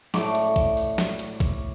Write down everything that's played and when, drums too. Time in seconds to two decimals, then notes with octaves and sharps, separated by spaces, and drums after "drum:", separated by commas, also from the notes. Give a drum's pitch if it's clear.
0.14 A2 D5 C#6 D6, drum: snare
0.35 drum: hi-hat
0.56 drum: kick A#1, hi-hat
0.77 drum: open hi-hat
0.98 drum: snare
1.19 drum: hi-hat
1.40 drum: kick A#1, hi-hat